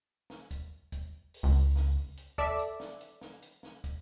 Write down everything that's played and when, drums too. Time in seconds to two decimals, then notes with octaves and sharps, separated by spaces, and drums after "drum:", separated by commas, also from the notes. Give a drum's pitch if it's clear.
0.30 drum: snare
0.51 drum: kick, hi-hat
0.92 drum: kick, hi-hat
1.34 drum: open hi-hat
1.43 C#2
1.76 drum: snare
2.17 drum: hi-hat
2.38 A4 D5 E5, drum: kick
2.59 drum: hi-hat
2.80 drum: snare
3.01 drum: hi-hat
3.21 drum: snare
3.42 drum: hi-hat
3.63 drum: snare
3.84 drum: kick, hi-hat